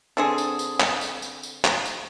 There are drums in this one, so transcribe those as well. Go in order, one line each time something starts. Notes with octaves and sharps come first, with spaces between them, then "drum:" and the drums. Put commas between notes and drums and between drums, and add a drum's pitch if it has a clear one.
D3 C4 G#4
drum: tambourine
drum: tambourine
drum: clap
drum: tambourine
drum: tambourine
drum: tambourine
drum: clap
drum: tambourine